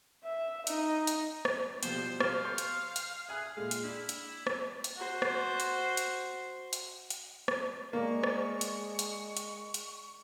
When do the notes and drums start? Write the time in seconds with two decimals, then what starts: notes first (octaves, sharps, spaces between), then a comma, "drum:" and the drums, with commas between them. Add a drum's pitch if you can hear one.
0.24 E5
0.67 D#4, drum: hi-hat
1.07 drum: hi-hat
1.45 drum: rim click
1.83 B2 F3 G3 C5, drum: hi-hat
2.20 F5, drum: rim click
2.45 C6 C#6 G6
2.58 drum: hi-hat
2.96 drum: hi-hat
3.29 G#4 E5 G#5 F#6
3.57 A#2 G#3 F5
3.71 drum: hi-hat
3.83 D4 E4
4.09 drum: hi-hat
4.47 drum: rim click
4.84 drum: hi-hat
4.97 F#4 C5
5.22 drum: rim click
5.60 drum: hi-hat
5.97 drum: hi-hat
6.73 drum: hi-hat
7.10 drum: hi-hat
7.48 drum: rim click
7.93 G#3 A#3 D4 C#6
8.24 drum: rim click
8.61 drum: hi-hat
8.99 drum: hi-hat
9.37 drum: hi-hat
9.74 drum: hi-hat